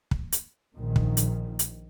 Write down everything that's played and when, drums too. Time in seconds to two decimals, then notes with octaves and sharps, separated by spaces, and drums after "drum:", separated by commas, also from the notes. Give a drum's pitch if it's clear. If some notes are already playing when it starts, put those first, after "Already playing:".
0.11 drum: kick
0.32 drum: hi-hat
0.75 A#1 A#2 D#3
0.96 drum: kick
1.17 drum: hi-hat
1.59 drum: hi-hat